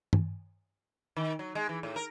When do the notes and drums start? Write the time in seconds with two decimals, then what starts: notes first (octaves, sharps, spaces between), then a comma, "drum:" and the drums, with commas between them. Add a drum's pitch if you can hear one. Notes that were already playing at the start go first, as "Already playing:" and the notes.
0.13 drum: tom G2
1.16 D#3
1.39 F#3
1.55 G#3
1.69 E3
1.83 A2
1.96 A#4